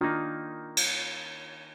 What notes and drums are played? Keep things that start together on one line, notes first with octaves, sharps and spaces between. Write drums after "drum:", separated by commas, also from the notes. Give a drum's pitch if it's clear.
D#3 A#3 D4 D#4 F4
drum: cymbal